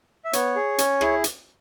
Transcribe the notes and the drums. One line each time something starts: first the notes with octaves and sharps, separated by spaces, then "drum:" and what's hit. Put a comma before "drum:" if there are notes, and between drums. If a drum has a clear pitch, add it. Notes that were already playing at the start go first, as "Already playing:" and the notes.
E5
B3 C#5, drum: hi-hat
G#4
C#4, drum: hi-hat
E4 G#4, drum: rim click
drum: hi-hat